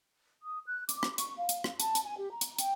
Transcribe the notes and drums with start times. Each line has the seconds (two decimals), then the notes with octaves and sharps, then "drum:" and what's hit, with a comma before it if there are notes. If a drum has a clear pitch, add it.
0.43 D#6
0.66 F#6
0.89 D6, drum: hi-hat
1.03 drum: rim click
1.18 C#6, drum: hi-hat
1.38 F5
1.49 drum: hi-hat
1.64 drum: rim click
1.80 A5, drum: hi-hat
1.95 drum: hi-hat
2.04 G#5
2.17 G4
2.31 A#5
2.41 drum: hi-hat
2.59 G5, drum: hi-hat